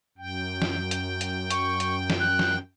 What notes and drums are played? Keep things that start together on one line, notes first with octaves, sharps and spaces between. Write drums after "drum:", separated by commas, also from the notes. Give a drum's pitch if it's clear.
F#2 G5
drum: snare
drum: hi-hat
drum: hi-hat
C#6, drum: hi-hat
drum: hi-hat
drum: snare
F#6
drum: snare